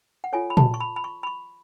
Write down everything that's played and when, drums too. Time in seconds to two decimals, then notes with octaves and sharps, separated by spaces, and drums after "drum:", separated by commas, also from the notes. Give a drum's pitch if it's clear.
0.24 F#5
0.33 F4 A4 C#5 G#5
0.50 B5
0.57 A5, drum: tom A#2
0.74 C#6
0.80 B5
0.96 B5
1.04 C#6
1.23 B5
1.27 C#6